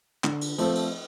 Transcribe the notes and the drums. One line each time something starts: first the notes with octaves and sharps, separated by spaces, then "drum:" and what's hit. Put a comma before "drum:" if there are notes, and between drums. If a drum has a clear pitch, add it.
D3, drum: clap
drum: cymbal
F3 A3 C4, drum: cymbal
drum: cymbal